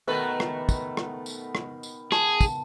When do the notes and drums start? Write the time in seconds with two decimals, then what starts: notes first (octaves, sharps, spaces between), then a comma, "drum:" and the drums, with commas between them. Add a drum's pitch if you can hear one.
0.07 B2 D#3 A3 B3 A4 B4
0.40 drum: rim click
0.69 drum: kick, tambourine
0.97 drum: rim click
1.26 drum: tambourine
1.55 drum: rim click
1.83 drum: tambourine
2.12 G#4 A5, drum: rim click
2.41 drum: kick, tambourine